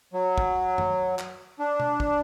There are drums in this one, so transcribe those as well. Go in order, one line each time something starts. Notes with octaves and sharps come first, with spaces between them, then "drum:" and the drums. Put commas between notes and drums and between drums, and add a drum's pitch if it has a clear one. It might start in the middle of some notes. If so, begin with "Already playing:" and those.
F#3
drum: kick
drum: tom F#2
drum: clap
D4
drum: tom B2
drum: kick